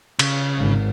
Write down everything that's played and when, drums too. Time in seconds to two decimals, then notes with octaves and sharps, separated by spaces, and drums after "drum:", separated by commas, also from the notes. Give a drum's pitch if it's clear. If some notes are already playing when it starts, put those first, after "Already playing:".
0.19 C#3, drum: cymbal
0.56 G#1 G#2